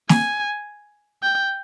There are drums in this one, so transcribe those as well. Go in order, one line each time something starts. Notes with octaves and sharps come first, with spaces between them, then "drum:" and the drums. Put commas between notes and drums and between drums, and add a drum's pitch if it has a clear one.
G#5, drum: snare
G5